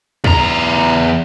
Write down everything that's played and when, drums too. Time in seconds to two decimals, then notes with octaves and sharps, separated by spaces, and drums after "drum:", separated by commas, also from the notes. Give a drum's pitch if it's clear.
0.24 E2 A#5, drum: kick C#2